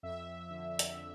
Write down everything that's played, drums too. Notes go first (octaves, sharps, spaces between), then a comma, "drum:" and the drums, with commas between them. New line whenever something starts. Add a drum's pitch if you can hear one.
F2 E5
D3
drum: hi-hat
D3